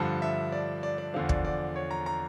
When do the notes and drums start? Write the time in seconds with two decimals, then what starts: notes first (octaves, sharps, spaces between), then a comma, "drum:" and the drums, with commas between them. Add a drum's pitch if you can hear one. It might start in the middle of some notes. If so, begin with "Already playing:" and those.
Already playing: G2 D3 F3 A5
0.22 E5
0.52 D5
0.83 D5
0.98 D5
1.14 E2 D3 F3 F5
1.29 D5, drum: kick
1.45 D5
1.76 C#5
1.91 A#5
2.06 A#5